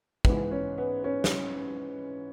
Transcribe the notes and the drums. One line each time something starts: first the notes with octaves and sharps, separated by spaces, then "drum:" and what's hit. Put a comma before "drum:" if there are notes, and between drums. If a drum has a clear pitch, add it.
G#2 E3 B3, drum: kick
C#4
B3
C#4
drum: snare